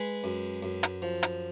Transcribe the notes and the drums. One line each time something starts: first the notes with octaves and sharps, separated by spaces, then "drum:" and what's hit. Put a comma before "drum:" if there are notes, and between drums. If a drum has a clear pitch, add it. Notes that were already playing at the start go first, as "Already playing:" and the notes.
Already playing: G#3 G#4 B4
F#2
F#2
drum: hi-hat
F3
drum: hi-hat